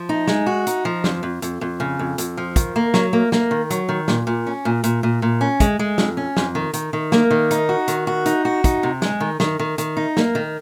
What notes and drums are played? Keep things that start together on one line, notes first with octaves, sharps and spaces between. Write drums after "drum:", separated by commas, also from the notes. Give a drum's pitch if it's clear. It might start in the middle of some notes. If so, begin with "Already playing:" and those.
Already playing: F3
D#4
G#3, drum: snare
F#4
D#4, drum: hi-hat
F3
F2, drum: snare
F2
F2, drum: hi-hat
F2
C#3
F2
F2, drum: hi-hat
F3
D#3, drum: kick, hi-hat
A#3
F#3, drum: snare
A#3
A#3, drum: snare
D#3
F#3, drum: hi-hat
D#3
A#2, drum: snare
A#2
C#4
A#2
A#2, drum: hi-hat
A#2
A#2
C#4
G#3, drum: kick, hi-hat
G#3
F2, drum: snare
C#4
F2, drum: snare
D#3
D#3, drum: hi-hat
D#3
A#3, drum: snare
D#3
D#4, drum: hi-hat
F#4
D#3, drum: hi-hat
F#4
D#4, drum: hi-hat
F#4
D#4, drum: kick, hi-hat
C3
G#3, drum: snare
D#3
D#3, drum: snare
D#3
D#3, drum: hi-hat
D#4
A#3, drum: snare
D#3